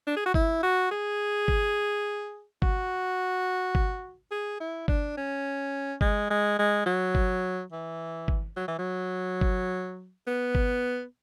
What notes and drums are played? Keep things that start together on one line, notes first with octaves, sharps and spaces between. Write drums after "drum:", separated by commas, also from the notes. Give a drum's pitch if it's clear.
D4
G#4
F#4
E4, drum: kick G1
F#4
G#4
drum: kick G1
F#4, drum: kick G1
drum: kick G1
G#4
E4
D4, drum: kick G1
C#4
G#3, drum: kick G1
G#3
G#3
F#3
drum: kick G1
E3
drum: kick G1
F#3
E3
F#3
drum: kick G1
B3
drum: kick G1